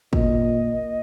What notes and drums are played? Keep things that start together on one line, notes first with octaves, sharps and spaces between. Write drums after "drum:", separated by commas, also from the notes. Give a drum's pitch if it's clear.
A#2 D#5, drum: kick